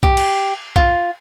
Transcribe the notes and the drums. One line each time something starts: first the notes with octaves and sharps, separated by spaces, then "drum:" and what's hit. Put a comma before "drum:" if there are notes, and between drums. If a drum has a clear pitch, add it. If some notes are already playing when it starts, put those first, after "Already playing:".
G4, drum: kick B1
drum: cymbal
F4, drum: kick B1